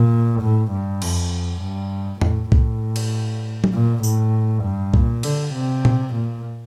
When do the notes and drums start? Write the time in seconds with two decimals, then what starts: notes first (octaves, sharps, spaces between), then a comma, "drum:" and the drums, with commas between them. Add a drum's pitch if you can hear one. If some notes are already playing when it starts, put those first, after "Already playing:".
Already playing: A#2
0.41 A2
0.71 G2
1.02 F2, drum: cymbal
1.61 G2
2.21 A2, drum: tom E2
2.52 A2, drum: kick C2
2.96 drum: cymbal
3.64 drum: tom F#3
3.73 A#2
4.03 A2, drum: tambourine
4.64 G2
4.94 A#2, drum: kick C2
5.23 D3, drum: cymbal
5.54 C3
5.85 drum: tom A#2
6.14 A#2